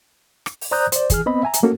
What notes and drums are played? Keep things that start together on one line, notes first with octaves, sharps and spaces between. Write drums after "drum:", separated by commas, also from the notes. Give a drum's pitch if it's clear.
drum: rim click
drum: open hi-hat
C5 D5 A#5 D#6 F#6 G6
C5 D5, drum: hi-hat
E3 G#4 F6, drum: kick, hi-hat
B3 C4 D#5 B5
E5 G#5 A#5
drum: hi-hat
A3 A#3 C#4 F#4 A4 A#4